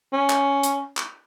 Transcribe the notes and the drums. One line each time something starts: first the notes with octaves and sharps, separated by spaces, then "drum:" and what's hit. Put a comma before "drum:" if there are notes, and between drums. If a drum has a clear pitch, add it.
C#4
drum: clap
drum: hi-hat
drum: clap